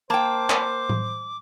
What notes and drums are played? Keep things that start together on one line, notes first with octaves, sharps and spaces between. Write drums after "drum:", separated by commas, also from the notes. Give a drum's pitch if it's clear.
A#3 C5 G5 A5 D6
drum: clap
drum: tom A2